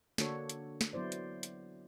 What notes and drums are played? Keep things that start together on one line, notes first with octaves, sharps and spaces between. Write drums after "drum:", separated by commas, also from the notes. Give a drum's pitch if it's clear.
D3 A#3 D4 F#4 A4 C#5, drum: snare
drum: hi-hat
drum: snare
F#3 B3 E4 C5 D5
drum: hi-hat
drum: hi-hat